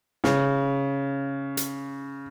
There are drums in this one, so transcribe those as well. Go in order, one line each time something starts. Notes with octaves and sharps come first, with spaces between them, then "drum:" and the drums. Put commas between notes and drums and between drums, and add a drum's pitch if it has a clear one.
C#3, drum: snare
drum: hi-hat